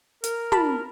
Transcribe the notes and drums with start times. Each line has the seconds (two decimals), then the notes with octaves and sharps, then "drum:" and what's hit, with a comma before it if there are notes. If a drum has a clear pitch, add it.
0.24 A#4, drum: hi-hat
0.52 A5 B5, drum: tom